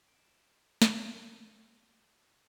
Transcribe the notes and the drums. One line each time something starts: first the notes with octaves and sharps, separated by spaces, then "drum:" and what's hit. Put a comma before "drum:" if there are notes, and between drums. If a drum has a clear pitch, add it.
D7
E7
drum: snare
A5 E6 G6 D7
G7